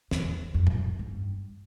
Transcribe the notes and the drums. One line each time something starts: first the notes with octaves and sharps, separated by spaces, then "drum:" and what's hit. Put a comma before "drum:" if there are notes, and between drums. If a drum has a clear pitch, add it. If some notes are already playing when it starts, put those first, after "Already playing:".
E2, drum: snare
F2
drum: tom
G2